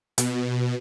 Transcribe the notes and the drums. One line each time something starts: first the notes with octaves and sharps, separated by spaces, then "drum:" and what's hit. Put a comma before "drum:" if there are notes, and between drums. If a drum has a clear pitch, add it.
B2, drum: hi-hat